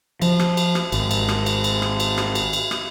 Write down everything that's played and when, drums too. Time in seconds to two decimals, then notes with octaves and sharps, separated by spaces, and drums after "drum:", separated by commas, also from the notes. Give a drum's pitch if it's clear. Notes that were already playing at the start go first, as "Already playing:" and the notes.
0.22 F3, drum: cymbal
0.39 drum: rim click
0.57 drum: cymbal
0.75 drum: rim click
0.92 G#1, drum: cymbal
1.11 drum: cymbal
1.28 drum: rim click
1.46 drum: cymbal
1.64 drum: cymbal
1.82 drum: rim click
2.00 drum: cymbal
2.18 drum: rim click
2.35 drum: cymbal
2.53 drum: cymbal
2.71 drum: rim click